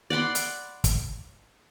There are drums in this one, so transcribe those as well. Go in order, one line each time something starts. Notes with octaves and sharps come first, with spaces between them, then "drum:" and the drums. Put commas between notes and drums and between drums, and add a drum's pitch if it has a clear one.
D5 F#5 B5 C6
drum: hi-hat
drum: kick, hi-hat